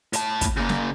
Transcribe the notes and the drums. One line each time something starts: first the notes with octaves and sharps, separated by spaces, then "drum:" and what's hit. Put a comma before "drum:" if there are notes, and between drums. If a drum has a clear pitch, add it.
A2 A5, drum: hi-hat
drum: kick, hi-hat
C#3 A#3
drum: snare